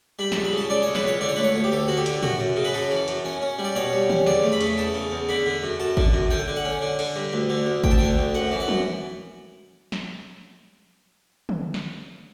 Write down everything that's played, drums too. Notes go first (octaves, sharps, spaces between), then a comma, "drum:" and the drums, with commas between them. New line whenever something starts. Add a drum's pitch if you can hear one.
G3 B5
A5, drum: snare
C#2
B5
C#3 A5
C#3 D5
C#2 C#5
B4, drum: snare
C#2 C#5
D3 D5
C#5
A3 B4
C#5
D2
G4
D2 A4
D2 F#4
G4
D3, drum: hi-hat
F#2 F#4, drum: tom
F#2
C#3
B4
F#2 A4
E3
F#2, drum: hi-hat
C#4
C#4
G3
D5
B2 C#5
G3
C#4, drum: tom
E2 D5, drum: snare
A3
B5
C#3, drum: hi-hat
E2 A5
C#3
E2
D3 B5
D3
F#2
F#2 A5
D3, drum: kick G#1
F#2
D3 G5
D3
F#5
C#4
D3
D3, drum: open hi-hat
G2
D2
D3
D2
D2 G5, drum: kick G#1
A5
D3 G5
D2
F#2 F#5
E3
F#5
F#2, drum: tom
drum: snare
drum: tom
drum: snare